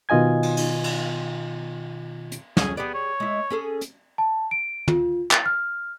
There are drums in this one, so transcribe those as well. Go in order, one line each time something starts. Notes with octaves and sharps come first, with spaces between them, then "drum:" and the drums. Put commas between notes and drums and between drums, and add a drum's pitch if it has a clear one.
B2 D#3 F4 D#5 G#5 G#6
drum: cymbal
drum: cymbal
drum: cymbal
drum: hi-hat
F2 F#3 C#4 G#4, drum: snare
B3 G4 G#4 D5
C#5
G#3 E4
C#4 G#4 A4
drum: hi-hat
A5
D7
F4, drum: tom
A6, drum: clap
F6